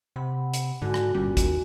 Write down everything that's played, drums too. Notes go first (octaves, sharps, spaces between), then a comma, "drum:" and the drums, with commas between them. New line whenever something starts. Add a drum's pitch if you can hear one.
C3 F#5 B5
drum: hi-hat
G#2 D3 F#4 G#5
drum: rim click
G1 A#2 G3 C#4
D#2, drum: kick, hi-hat